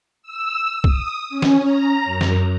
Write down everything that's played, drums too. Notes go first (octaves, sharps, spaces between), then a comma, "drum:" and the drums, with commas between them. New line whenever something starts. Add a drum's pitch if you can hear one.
E6
D#6, drum: kick
C#4
drum: snare
A#5
F#2
drum: snare